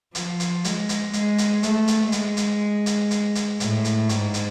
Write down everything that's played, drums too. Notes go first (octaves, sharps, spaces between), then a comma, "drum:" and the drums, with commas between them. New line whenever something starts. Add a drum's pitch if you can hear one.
F3, drum: hi-hat
drum: hi-hat
G#3, drum: hi-hat
drum: hi-hat
G#3, drum: hi-hat
drum: hi-hat
A3, drum: hi-hat
drum: hi-hat
G#3, drum: hi-hat
drum: hi-hat
drum: hi-hat
drum: hi-hat
drum: hi-hat
A2, drum: hi-hat
drum: hi-hat
G#2, drum: hi-hat
drum: hi-hat